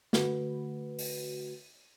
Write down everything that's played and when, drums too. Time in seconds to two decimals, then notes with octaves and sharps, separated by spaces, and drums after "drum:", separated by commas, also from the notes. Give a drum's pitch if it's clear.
0.13 D3 A3 F#4 B4, drum: snare
0.99 drum: open hi-hat